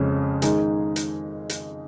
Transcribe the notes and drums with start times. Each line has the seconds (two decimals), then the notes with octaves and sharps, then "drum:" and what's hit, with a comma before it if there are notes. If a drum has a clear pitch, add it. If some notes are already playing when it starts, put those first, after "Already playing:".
Already playing: F2 C#3 G#3 C#4
0.42 D#3 G#3 D#4 G#4, drum: hi-hat
0.96 drum: hi-hat
1.49 drum: hi-hat